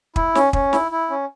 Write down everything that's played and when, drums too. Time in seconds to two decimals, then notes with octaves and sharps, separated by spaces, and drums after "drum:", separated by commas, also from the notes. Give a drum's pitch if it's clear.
0.16 E4, drum: kick
0.35 C#4, drum: snare
0.53 C#4, drum: kick
0.73 E4, drum: snare
0.91 E4
1.10 C#4